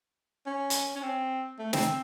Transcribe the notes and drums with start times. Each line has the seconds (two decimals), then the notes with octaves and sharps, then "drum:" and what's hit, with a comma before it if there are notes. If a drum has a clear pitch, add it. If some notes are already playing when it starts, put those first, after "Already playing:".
0.46 C#4
0.70 drum: hi-hat
0.95 C#4
1.03 C4
1.59 A3
1.73 C4, drum: snare
1.87 C4